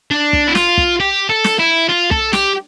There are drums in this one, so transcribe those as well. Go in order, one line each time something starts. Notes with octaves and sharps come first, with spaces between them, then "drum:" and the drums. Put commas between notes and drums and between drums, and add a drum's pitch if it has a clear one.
D4
drum: kick
E4
F4, drum: snare
drum: kick
G4
A4
drum: snare
E4
F4
A4, drum: kick
G4, drum: snare